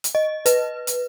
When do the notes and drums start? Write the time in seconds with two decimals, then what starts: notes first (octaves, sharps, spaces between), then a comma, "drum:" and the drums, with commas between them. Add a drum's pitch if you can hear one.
0.04 drum: hi-hat
0.15 D#5
0.46 B4, drum: hi-hat
0.87 drum: hi-hat